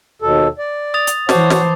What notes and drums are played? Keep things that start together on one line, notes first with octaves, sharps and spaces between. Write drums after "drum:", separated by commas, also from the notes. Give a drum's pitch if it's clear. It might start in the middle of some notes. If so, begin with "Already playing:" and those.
D#2 B2 A4
D5
D#6 A6 F7
drum: hi-hat
E3 C5 C#5 F#5 A5 D6, drum: snare
drum: snare